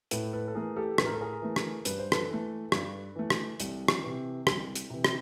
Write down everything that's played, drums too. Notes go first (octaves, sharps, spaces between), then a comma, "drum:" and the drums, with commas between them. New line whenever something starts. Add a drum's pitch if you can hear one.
A2 A4 B4, drum: hi-hat
A4 B4
A4
E3 A3 G#4 A#4
G4 A4
A2 B4, drum: rim click
A#4
A4
G#4 A#4
E3 A3
drum: rim click
G2 B4, drum: hi-hat
C5
A4 B4, drum: rim click
E3 A3
G2, drum: rim click
E3 A3
drum: rim click
C2, drum: hi-hat
drum: rim click
C3 E3
C2, drum: rim click
drum: hi-hat
C3 E3
drum: rim click